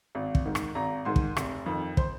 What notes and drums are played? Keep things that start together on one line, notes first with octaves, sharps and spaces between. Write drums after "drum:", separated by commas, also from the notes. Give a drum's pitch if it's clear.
G#1
drum: kick
G#2 D#3
drum: rim click
G#1 A#5
G#2 D#3 C6
drum: kick
F1, drum: rim click
F2 D#3
C5, drum: kick